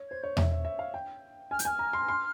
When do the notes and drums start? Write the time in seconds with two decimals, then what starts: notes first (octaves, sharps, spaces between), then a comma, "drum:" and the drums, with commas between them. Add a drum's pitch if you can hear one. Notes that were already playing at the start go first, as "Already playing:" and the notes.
Already playing: C#5
0.08 C5 G#6
0.22 C#5 G6
0.37 E5, drum: tom E2
0.52 E5
0.65 E5
0.79 F5
0.94 G5
1.51 G#5 F6
1.59 G6, drum: hi-hat
1.65 G#5 F6
1.79 A#5
1.93 C6
2.08 C6